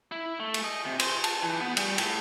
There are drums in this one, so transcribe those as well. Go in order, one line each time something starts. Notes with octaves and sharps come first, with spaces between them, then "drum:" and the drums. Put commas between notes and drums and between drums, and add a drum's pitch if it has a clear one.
E4
A3
drum: cymbal
D#5
C3
C5, drum: cymbal
A5, drum: cymbal
E3
B3
G3, drum: cymbal
A2, drum: cymbal